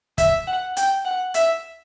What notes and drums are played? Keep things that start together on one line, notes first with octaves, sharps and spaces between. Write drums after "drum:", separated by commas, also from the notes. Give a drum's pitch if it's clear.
E5, drum: kick, hi-hat
F#5
G5, drum: hi-hat
F#5
E5, drum: hi-hat